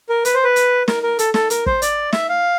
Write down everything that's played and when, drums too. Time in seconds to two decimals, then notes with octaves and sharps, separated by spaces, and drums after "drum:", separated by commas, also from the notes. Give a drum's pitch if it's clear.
0.09 A#4
0.25 B4, drum: hi-hat
0.34 C5
0.44 B4
0.56 drum: hi-hat
0.88 A#4, drum: snare
1.03 A#4
1.19 A4, drum: hi-hat
1.34 A4, drum: snare
1.50 A#4, drum: hi-hat
1.66 C5, drum: kick
1.82 D5, drum: hi-hat
2.13 E5, drum: snare
2.29 F5